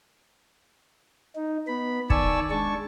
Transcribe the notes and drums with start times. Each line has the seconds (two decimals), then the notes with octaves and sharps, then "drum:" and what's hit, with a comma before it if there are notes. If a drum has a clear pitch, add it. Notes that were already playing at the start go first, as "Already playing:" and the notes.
1.36 D#4
1.67 B3 B5
2.10 D#3 D5 G#5 A5 C#6 E6, drum: kick
2.50 G#3 D4 A5 C#6